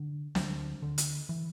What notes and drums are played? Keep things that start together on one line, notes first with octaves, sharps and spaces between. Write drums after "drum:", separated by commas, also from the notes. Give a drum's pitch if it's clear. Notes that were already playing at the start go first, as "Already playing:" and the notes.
Already playing: D3
D2 D4, drum: snare
D3
drum: hi-hat
E3